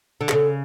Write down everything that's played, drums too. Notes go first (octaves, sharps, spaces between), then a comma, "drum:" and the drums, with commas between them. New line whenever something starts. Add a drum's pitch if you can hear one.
D3
G#4, drum: clap
C#3 A4